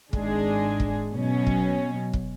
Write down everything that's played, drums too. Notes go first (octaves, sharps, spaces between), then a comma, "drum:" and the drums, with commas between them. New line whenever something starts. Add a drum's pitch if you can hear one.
G#1 G#2 G#3 D4 G#4, drum: kick
drum: kick
B2 F#3 C#4
drum: kick
drum: kick